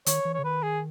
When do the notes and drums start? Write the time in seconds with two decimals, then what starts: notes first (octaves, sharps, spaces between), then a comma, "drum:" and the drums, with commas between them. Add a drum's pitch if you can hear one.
0.06 D#3 C#5, drum: hi-hat
0.25 E3
0.34 C#5
0.39 C#3
0.44 D#3 B4
0.63 G#4